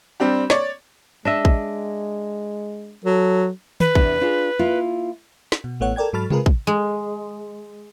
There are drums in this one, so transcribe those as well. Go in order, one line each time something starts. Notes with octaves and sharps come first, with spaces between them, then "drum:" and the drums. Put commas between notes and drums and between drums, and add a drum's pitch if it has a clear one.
G3 C4 D4 G4
C#5 D5, drum: snare
G#3 D4 D#5 E5
drum: kick
F#3 A4
B4, drum: tom D#3
E2 C3 D4, drum: kick
D4 F4 G#4
A#3 E4 F4
drum: snare
B2
A1 A3 B3 C#5 F#5
A4 A#4 D5 G5 G#6
G#2 F#3 A4 B5 F6 A6
C3 G#3 F4 G#4 A#4 B4, drum: tom C3
drum: kick
G#3